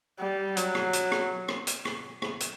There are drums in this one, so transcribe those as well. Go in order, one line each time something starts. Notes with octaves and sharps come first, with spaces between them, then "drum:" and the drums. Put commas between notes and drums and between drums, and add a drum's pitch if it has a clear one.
G3
F#3, drum: hi-hat
drum: rim click
drum: hi-hat
drum: rim click
drum: rim click
drum: hi-hat
drum: rim click
drum: rim click
drum: hi-hat